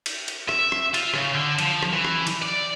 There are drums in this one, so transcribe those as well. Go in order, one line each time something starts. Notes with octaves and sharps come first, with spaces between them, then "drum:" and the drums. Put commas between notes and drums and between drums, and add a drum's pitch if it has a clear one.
drum: cymbal
drum: cymbal
E5, drum: rim click
drum: rim click
F4, drum: cymbal
C#3, drum: rim click
D3
F3, drum: cymbal
drum: rim click
E3
drum: rim click
drum: cymbal
D5